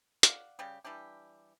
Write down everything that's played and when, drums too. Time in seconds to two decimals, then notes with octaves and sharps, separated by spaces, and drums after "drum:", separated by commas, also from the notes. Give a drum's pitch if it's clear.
0.23 D5 F5 F#5, drum: hi-hat
0.59 C#3 G3 G4
0.84 E3 G3 D4 G4